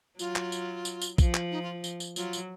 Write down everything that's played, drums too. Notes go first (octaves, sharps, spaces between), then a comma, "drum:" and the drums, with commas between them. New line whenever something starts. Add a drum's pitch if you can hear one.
F#3 F4, drum: tambourine
drum: clap
drum: tambourine
drum: tambourine
drum: tambourine
F3, drum: kick A#1, tambourine
drum: clap
D#4
F4
drum: tambourine
drum: tambourine
F#3 F4, drum: tambourine
drum: tambourine